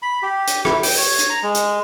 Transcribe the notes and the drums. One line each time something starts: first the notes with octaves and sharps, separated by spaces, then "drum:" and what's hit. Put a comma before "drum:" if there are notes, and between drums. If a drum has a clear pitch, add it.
B5
G4
drum: hi-hat
E4, drum: rim click
G5, drum: open hi-hat
C#5
drum: hi-hat
A#5
G#3
drum: hi-hat